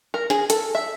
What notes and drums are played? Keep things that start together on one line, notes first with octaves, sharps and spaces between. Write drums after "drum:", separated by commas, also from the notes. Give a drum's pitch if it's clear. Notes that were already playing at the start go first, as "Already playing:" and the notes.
A#4
G#4, drum: snare
A4, drum: hi-hat
E5